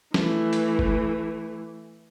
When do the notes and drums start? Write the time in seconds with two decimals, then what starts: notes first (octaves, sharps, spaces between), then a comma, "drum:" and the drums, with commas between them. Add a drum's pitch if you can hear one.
0.14 E3 A3, drum: snare
0.53 drum: hi-hat
0.79 drum: kick